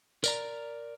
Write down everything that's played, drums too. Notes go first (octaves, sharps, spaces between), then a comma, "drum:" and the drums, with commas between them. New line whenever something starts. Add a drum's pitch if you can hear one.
A#4 D5 A#5, drum: tambourine